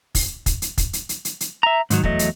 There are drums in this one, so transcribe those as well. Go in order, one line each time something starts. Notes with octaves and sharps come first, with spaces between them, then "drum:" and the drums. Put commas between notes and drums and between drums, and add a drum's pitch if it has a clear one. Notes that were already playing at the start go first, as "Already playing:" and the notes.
drum: kick, open hi-hat
drum: kick, hi-hat
drum: hi-hat
drum: kick, hi-hat
drum: hi-hat
drum: hi-hat
drum: hi-hat
drum: hi-hat
E5 A#5
G#2 D#3 F#3, drum: hi-hat
E2 F#3 A3 D#5, drum: kick
drum: hi-hat